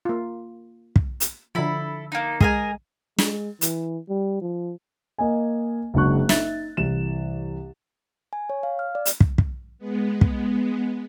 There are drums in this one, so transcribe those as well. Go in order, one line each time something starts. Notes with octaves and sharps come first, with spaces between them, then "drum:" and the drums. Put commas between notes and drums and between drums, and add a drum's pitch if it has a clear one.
A#3 F4
drum: kick
drum: hi-hat
D3 F3 E4 A4 B5
A#3 D#4
G#3 G#4 A#4 G#5, drum: kick
G#3, drum: snare
E3, drum: hi-hat
G3
F3
A#3 D#5 G#5
F#1 G#3 D4 F#4 C#6 F#6
D#4 E5 A6, drum: snare
C2 E3 E7
G#5
C#5
F5
F6
D5
drum: hi-hat
drum: kick
drum: kick
G#3 B3
drum: kick